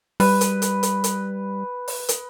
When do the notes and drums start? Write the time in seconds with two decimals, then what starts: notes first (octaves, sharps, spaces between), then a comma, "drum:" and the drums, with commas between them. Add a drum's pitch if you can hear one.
0.20 G3 B4, drum: open hi-hat
0.41 drum: hi-hat
0.62 drum: hi-hat
0.83 drum: hi-hat
1.04 drum: hi-hat
1.88 drum: open hi-hat
2.09 drum: hi-hat